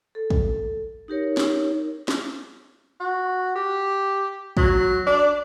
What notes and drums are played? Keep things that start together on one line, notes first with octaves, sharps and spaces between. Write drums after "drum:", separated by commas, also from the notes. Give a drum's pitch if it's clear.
A4
drum: kick
D#4 G4 A#4 C#5
drum: snare
drum: snare
F#4
G4
F#3, drum: kick
D4